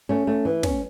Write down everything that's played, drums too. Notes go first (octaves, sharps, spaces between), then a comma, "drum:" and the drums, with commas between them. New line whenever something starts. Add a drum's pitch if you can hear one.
A3 C#4
A3
E3
C#4, drum: snare